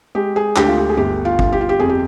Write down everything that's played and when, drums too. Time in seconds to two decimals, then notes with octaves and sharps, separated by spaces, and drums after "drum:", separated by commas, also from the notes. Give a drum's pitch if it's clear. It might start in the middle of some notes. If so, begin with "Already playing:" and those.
0.15 G#3 G4
0.36 G#4
0.56 D2 G4, drum: clap
0.67 F4
0.77 G4
0.89 G#4
0.97 G1 G4
1.25 F4
1.39 G1, drum: kick
1.52 G4
1.61 F4
1.69 G4
1.79 F2 G#4
1.89 G4